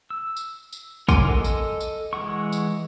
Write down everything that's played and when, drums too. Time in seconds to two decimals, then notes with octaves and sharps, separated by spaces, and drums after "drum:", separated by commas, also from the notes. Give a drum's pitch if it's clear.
0.10 E6
0.37 drum: tambourine
0.73 drum: tambourine
1.09 A#4 F#5 G#5 C6 D6, drum: kick, tambourine
1.28 A4 D#5 G#5
1.44 drum: tambourine
1.80 drum: tambourine
2.13 E3 G#3 F#5 C#6
2.52 drum: tambourine